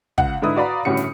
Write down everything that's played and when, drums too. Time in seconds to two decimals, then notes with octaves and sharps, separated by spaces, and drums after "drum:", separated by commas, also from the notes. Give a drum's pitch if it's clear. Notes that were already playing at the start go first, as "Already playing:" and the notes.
0.18 C#2 F5 F#5, drum: kick
0.42 G#2 D3 E4 B4 D#6
0.56 F#4 B4 D5 F5 A#5 B5
0.85 G1 A2 C#4 F#4 G4 C#7
0.97 drum: snare